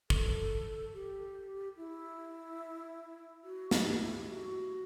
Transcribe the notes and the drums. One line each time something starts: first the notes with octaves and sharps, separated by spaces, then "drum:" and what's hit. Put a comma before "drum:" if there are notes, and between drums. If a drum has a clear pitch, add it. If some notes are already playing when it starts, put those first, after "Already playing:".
A4, drum: kick
G4
E4
F#4
G4, drum: snare
E4
G4
F#4